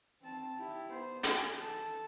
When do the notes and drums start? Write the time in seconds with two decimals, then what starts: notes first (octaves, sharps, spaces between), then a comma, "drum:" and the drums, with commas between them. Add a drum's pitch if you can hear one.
0.21 C4 A5
0.58 E4 G4
0.90 B3 C5
1.23 G#4, drum: hi-hat
1.60 A4 A5